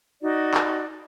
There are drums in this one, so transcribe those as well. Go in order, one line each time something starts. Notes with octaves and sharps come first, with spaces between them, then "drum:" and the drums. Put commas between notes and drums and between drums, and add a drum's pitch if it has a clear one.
D#4 F#4 D5
drum: clap